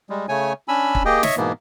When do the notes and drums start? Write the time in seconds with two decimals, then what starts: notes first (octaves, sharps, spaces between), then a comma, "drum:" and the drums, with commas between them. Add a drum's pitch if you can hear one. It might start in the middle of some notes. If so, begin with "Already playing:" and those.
0.10 G3 G#3
0.29 C#3 A3 C#5 G#5
0.68 C#4 D4 G#5 B5 E6
0.95 drum: kick
1.05 A#3 G4 G#4 D#5 G5
1.23 C#5 D#5 E5 C#6, drum: snare
1.37 G#2 B2 E3 A#3 B3